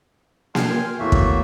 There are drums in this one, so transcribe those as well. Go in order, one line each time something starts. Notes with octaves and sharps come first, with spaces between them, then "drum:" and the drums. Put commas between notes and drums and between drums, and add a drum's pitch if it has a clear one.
G5 G#5 C6 F6, drum: snare A#3
E2 A2 A3 A#3 F#4 E5
drum: kick